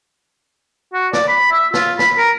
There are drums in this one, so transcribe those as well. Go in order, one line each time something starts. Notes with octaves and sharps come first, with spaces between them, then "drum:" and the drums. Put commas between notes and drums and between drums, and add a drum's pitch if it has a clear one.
F#4
D5, drum: snare
B5
E5
F4, drum: snare
B5, drum: snare
A#4